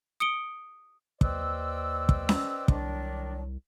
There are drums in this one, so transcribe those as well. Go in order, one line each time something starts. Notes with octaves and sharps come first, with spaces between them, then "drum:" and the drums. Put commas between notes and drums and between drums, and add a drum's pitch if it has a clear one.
D#6 C#7 D7 G7
D#2 B4 C5 D5 D#5 G5 E6, drum: kick
drum: kick
drum: snare C#4
C2 D#3 F#3 D4, drum: kick